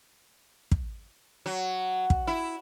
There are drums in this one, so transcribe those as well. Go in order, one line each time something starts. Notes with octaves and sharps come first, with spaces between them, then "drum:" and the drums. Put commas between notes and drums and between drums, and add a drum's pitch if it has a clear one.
drum: kick
F#3
drum: kick
E4